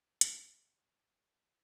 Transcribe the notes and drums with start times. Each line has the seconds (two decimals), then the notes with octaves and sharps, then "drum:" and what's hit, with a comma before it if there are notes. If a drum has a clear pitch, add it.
0.21 B4, drum: hi-hat
0.51 C#5
0.94 A5
1.28 C5